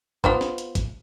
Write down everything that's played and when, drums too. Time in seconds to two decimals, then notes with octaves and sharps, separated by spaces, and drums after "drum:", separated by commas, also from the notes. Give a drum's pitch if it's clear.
0.24 B3 F4 C5, drum: kick G#1
0.41 drum: snare
0.58 drum: hi-hat
0.75 drum: kick G#1, hi-hat